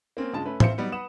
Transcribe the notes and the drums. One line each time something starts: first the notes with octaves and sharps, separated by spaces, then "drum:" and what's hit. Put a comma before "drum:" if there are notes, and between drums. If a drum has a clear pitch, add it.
A#3 C4 C#4 A#4
G2 C#3 G#3 F4 A5
A3 C#4 B4
C4 C5 E5 F5 C#7, drum: tom A2
F#3 G3 B3 D#4
B4 F#5 D#6 E7